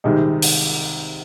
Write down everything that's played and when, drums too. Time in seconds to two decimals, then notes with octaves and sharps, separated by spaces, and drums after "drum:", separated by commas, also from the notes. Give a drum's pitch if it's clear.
0.04 C2 C3 D#3 G#3 D#4
0.42 drum: open hi-hat